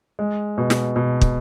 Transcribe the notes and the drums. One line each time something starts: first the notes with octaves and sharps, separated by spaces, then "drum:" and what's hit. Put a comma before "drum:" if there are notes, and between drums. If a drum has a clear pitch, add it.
G#3
B2
drum: snare
B2
drum: kick